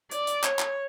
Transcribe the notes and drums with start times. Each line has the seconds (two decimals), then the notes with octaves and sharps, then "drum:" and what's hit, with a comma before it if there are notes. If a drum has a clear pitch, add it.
0.11 D5, drum: hi-hat
0.27 drum: hi-hat
0.44 C#5, drum: clap
0.59 drum: clap